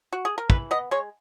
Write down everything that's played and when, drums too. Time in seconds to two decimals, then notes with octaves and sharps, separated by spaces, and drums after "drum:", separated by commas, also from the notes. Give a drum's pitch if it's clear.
0.13 F#4
0.25 G#4
0.38 A#4
0.50 E3 B4, drum: kick
0.71 B3 D#5
0.91 G#3 C#5